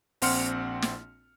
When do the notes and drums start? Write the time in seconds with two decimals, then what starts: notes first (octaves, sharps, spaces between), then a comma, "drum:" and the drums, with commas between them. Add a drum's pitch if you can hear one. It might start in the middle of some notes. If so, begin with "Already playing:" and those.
0.22 A#1 C4 F#5 C6 F6 C#7, drum: open hi-hat
0.82 drum: snare